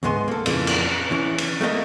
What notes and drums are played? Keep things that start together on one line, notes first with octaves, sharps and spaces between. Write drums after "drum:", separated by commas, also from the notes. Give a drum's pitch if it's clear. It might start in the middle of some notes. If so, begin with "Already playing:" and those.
D2 G#2 G#3 B3 G#5 C6
A#3 A4
F2 A#2 C#3 E3, drum: cymbal
drum: cymbal
E3 C#4
drum: cymbal
A3 A#3 G#4 D#5